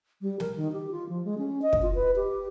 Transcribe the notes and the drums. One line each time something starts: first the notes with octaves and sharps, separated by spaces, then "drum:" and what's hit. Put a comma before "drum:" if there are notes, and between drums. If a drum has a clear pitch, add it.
G3
A#4, drum: snare
D#3
G4
F4
F3
G#3
C#4
D#5
drum: kick
F4
B4
G4